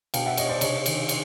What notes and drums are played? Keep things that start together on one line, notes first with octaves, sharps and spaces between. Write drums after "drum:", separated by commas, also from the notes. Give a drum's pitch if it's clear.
B2 F5 G5, drum: cymbal
E5 F#5
C#5 D#5, drum: cymbal
C5 D5
C3 C#5 D#5, drum: cymbal
D#3, drum: cymbal
drum: cymbal